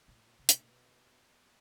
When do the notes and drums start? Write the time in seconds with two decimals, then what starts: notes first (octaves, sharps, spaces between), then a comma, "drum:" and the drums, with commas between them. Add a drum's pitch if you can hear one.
0.08 A#2
0.17 A2
0.27 A#2
0.39 C3
0.49 B2, drum: hi-hat
0.59 A#2
0.68 B2